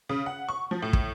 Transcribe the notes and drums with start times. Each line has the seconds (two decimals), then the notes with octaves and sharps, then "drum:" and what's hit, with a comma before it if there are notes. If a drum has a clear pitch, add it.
0.09 C#3
0.26 F#5
0.49 C#6
0.71 F3
0.82 A2
0.93 drum: kick